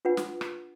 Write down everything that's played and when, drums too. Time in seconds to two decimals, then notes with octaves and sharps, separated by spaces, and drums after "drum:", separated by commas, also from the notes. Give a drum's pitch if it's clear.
0.05 D4 F4 B4 F#5
0.17 drum: snare
0.41 drum: rim click